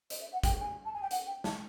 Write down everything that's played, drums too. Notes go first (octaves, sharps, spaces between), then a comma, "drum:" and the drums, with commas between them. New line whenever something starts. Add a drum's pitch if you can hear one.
D#5, drum: hi-hat
E5
F#5
G5, drum: kick, hi-hat
G#5
A5
G#5
G5
F#5, drum: hi-hat
G5
A5, drum: snare